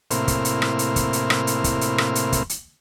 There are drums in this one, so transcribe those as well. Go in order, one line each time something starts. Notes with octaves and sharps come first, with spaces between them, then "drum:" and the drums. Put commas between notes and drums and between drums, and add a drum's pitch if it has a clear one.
A2 C3 A#3 E4 C5 F6, drum: hi-hat
drum: kick, hi-hat
drum: hi-hat
drum: rim click
drum: hi-hat
drum: kick, hi-hat
drum: hi-hat
drum: rim click
drum: hi-hat
drum: kick, hi-hat
drum: hi-hat
drum: rim click
drum: hi-hat
drum: kick, hi-hat
drum: hi-hat